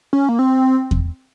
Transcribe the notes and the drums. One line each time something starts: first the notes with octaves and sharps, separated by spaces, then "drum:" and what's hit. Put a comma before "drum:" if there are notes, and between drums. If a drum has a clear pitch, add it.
C#4
A#3
C4
drum: kick E2